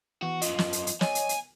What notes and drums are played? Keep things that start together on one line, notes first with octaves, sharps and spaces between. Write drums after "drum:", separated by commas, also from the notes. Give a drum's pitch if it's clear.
E3 B3 F#4
F#2 F3 D#5, drum: hi-hat
drum: snare
drum: hi-hat
drum: hi-hat
C#5 D#5 G#5, drum: snare
drum: hi-hat
drum: hi-hat